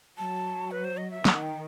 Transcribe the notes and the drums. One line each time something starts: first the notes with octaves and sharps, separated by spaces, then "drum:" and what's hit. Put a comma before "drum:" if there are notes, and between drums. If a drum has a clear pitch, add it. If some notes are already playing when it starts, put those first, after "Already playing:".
F#3 A5
B4
C5
D#5
E5
D#3 F#5, drum: snare
G5